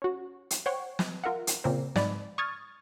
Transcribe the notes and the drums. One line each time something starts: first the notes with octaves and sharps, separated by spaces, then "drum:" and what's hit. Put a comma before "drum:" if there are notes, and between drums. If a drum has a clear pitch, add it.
C#4 F#4
drum: hi-hat
C5 C#5 F#5 G5 C#6
drum: snare
F4 A#4 E5 F#5
drum: hi-hat
A#2 C#3 C4 A#4 C5
G#2 D5 B5, drum: snare
C#6 D#6 F6 G#6 A6